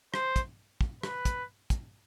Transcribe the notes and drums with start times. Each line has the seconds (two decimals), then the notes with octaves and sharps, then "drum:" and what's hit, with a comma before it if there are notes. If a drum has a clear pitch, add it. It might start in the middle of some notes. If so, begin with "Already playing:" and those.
0.14 C5, drum: rim click
0.36 drum: kick, hi-hat
0.81 drum: kick
1.03 B4, drum: rim click
1.25 drum: kick, hi-hat
1.70 drum: kick, hi-hat